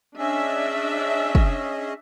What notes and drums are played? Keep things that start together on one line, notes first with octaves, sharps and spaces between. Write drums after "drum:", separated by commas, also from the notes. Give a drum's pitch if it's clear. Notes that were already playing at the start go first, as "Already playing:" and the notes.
C#4 D4 G#4 D#5 E5
drum: kick